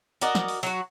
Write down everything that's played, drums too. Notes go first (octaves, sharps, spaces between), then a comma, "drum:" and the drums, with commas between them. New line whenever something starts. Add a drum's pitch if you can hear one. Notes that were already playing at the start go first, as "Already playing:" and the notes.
F#4 A#4 D5 D#5, drum: hi-hat
drum: snare
drum: open hi-hat
F#3 F#4, drum: open hi-hat